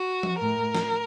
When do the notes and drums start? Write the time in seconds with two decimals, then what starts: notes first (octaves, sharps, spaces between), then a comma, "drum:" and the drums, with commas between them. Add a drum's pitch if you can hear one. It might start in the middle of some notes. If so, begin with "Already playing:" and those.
Already playing: F#4
0.23 drum: tom F3
0.40 A2 A#4
0.75 drum: snare